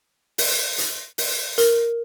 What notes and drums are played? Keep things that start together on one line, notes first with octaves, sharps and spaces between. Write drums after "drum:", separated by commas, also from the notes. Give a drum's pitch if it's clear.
drum: open hi-hat
drum: hi-hat
drum: open hi-hat
A#4, drum: hi-hat